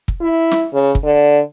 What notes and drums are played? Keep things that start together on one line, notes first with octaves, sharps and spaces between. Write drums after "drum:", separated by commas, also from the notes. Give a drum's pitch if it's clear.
drum: kick
E4
drum: snare
C#3
drum: kick
D3